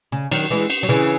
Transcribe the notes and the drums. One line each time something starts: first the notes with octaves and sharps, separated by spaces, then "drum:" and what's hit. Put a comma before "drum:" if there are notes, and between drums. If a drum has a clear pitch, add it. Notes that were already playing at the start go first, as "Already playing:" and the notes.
C#3
D#3 F#3, drum: cymbal
E3 G#3
drum: cymbal
F#3
C#3 E3